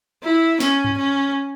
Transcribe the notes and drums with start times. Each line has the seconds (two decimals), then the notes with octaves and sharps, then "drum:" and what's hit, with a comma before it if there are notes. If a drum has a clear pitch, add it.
0.23 E4
0.60 C#4, drum: snare
0.84 drum: tom G2
0.97 C#4